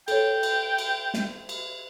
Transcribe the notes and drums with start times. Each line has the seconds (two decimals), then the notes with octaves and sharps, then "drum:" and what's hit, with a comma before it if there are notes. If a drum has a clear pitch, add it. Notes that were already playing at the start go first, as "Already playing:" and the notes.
0.08 A4 C#5 G5, drum: cymbal
0.43 drum: cymbal
0.78 drum: cymbal
1.14 drum: snare
1.49 drum: cymbal